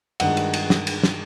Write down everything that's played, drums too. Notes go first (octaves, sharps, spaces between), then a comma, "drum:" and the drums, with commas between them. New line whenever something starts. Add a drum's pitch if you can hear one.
G2 D#3 G#3 F#5, drum: cymbal
drum: cymbal
drum: cymbal
drum: snare
drum: cymbal
drum: snare